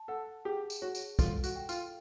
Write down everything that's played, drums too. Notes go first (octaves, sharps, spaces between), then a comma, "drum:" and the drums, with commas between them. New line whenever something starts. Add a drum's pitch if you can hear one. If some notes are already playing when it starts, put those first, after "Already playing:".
Already playing: A5
A4 F#5
G4 G#4
drum: tambourine
F#4 C#5
drum: tambourine
F4 A4, drum: kick, tambourine
F#4, drum: tambourine
G5
F4, drum: tambourine